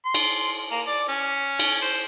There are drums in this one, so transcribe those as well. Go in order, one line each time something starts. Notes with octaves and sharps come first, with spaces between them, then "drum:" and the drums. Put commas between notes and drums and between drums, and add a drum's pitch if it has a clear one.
C6
drum: cymbal
A#3
D5
C#4
drum: cymbal
C5